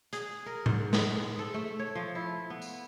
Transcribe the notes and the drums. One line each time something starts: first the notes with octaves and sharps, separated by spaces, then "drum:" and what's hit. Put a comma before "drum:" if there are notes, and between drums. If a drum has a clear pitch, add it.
G#4, drum: hi-hat
A#4
G#2, drum: tom A2
G#3, drum: snare
A4
A3
C#5
F3
E4
B3
drum: tambourine